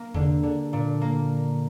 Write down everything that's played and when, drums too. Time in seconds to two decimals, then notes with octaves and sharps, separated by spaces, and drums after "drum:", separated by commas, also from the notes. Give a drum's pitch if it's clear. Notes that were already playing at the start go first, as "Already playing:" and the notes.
Already playing: A#3
0.15 D3, drum: tom E2
0.43 D3
0.73 A#2
1.01 A#3